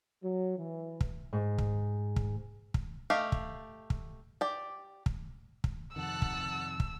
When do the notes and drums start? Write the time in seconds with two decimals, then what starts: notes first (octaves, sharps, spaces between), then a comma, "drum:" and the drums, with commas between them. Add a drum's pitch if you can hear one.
0.22 F#3
0.57 E3
1.01 drum: kick
1.33 G#2
1.58 drum: kick
2.16 drum: kick
2.74 drum: kick
3.10 A3 G4 D#5 F5
3.32 drum: kick
3.90 drum: kick
4.41 G4 D5
5.06 drum: kick
5.64 drum: kick
5.96 F2 C3 D#3 F#5 A5 E6 F#6
6.22 drum: kick
6.80 drum: kick